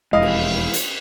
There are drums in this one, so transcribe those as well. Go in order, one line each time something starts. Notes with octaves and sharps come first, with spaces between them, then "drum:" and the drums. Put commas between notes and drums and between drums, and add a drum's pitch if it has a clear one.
E1 F2 G#3 E4 D#5 F5
drum: cymbal
drum: hi-hat